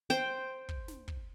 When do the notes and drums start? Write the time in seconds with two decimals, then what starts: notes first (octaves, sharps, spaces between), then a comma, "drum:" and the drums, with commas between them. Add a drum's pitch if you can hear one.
0.10 C5 G5, drum: snare
0.69 drum: kick
0.88 drum: snare
1.08 drum: kick